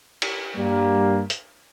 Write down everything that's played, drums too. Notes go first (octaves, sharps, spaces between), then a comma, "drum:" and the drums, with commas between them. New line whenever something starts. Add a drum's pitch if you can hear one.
drum: cymbal
G2 G3 A#3
drum: hi-hat